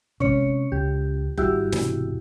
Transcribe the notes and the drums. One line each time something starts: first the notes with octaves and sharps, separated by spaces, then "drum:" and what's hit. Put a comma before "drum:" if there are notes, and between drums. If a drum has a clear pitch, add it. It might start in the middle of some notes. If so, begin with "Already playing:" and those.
C3 G#3 C#4 C#5, drum: tom A1
C#2 G4
G#1 G3 E4 F#4 G4, drum: kick F#1
E1 G#2 C3, drum: snare